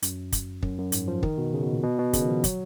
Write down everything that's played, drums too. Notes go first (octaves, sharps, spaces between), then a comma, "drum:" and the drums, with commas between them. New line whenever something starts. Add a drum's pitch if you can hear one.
F#2, drum: hi-hat
drum: kick, hi-hat
F#2, drum: kick
F#2
G#2, drum: hi-hat
F3
D#3, drum: kick
B2
C#3
B2
A#2
B2
B2
C#3, drum: kick, hi-hat
D#3
F3
F#3, drum: kick, hi-hat